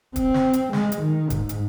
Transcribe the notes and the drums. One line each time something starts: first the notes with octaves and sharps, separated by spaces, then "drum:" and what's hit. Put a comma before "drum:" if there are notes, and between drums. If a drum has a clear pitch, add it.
C4, drum: kick, hi-hat
drum: snare
drum: hi-hat
G#3, drum: snare
drum: hi-hat
D#3
G#2, drum: kick, hi-hat
drum: hi-hat